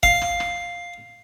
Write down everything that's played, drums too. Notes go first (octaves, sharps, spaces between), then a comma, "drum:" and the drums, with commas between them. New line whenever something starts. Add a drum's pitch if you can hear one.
F5, drum: kick
drum: rim click
drum: rim click